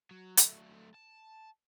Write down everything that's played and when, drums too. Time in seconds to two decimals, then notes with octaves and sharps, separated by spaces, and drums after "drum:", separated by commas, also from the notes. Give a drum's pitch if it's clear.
0.11 F#3
0.37 F#3 A3, drum: hi-hat
0.94 A5